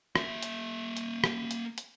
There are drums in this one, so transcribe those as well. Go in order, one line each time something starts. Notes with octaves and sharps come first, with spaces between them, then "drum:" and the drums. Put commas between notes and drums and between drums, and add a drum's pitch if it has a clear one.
A#3 E5, drum: rim click
drum: hi-hat
drum: hi-hat
drum: rim click
drum: hi-hat
drum: hi-hat